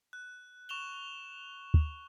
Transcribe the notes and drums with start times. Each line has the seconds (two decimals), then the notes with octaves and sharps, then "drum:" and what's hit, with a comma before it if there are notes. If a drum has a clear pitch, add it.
0.13 F#6
0.69 C#6 E7 F7 G7
1.74 drum: kick